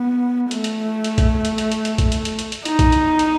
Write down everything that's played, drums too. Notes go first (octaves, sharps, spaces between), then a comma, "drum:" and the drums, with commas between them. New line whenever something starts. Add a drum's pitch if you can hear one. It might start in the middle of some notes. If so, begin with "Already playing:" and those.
Already playing: B3
A3, drum: hi-hat
drum: hi-hat
drum: hi-hat
drum: kick B1, hi-hat
drum: hi-hat
drum: hi-hat
drum: hi-hat
drum: hi-hat
drum: kick B1, hi-hat
drum: hi-hat
drum: hi-hat
drum: hi-hat
drum: hi-hat
D#4, drum: hi-hat
drum: kick B1, hi-hat
drum: hi-hat
drum: hi-hat